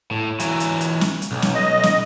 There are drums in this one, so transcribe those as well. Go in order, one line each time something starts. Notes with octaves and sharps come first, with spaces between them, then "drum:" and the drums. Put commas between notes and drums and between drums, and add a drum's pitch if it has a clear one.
A2
E3 F#3, drum: hi-hat
drum: hi-hat
drum: hi-hat
drum: snare
drum: hi-hat
B1
drum: snare
D#5
drum: snare